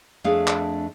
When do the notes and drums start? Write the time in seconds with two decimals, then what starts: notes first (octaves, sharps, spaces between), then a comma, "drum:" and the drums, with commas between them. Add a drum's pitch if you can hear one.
0.24 F2 A3 D4 G#4 F5
0.48 drum: clap